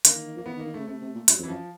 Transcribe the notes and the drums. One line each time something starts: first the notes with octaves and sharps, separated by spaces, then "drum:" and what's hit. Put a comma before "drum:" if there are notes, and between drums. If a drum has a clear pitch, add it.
D3 A#3, drum: hi-hat
D#3
D#3
F3 A#3
E3 B3
D#3
A#3
D#3
C#3 A3
C3 A3
C3
A#2
G2 F#3, drum: hi-hat
F2
E3
F#2 F3